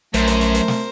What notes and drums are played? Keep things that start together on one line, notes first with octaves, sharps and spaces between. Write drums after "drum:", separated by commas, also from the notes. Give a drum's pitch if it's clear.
A#1 F#2 A3 A#4 C5, drum: hi-hat
drum: hi-hat
drum: hi-hat
drum: hi-hat
drum: snare